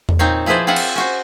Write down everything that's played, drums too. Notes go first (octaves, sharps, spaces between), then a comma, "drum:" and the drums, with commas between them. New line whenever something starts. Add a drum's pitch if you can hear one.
drum: tom E2
A#2 C4 D#4 C5 C#5
F3 E4 G#4 B4 C5 D5
C4 F4 C5 E5 F#5 G#5
drum: cymbal
C#4 F#4 C5